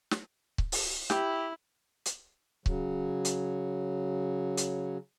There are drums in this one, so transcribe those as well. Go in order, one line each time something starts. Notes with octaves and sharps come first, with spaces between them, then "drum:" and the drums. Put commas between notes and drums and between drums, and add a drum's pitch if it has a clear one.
drum: snare
drum: kick C#1
drum: open hi-hat
E4 G4, drum: snare
drum: hi-hat
C#3 F#3, drum: kick C#1
drum: hi-hat
drum: hi-hat